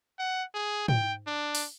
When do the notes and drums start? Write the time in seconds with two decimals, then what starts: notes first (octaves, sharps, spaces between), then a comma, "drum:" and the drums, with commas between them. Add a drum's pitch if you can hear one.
0.19 F#5
0.54 G#4
0.88 G5, drum: tom
1.27 D4
1.55 drum: open hi-hat